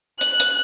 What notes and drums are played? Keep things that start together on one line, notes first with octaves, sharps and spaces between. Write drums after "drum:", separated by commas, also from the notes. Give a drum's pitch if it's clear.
F#6, drum: hi-hat
drum: hi-hat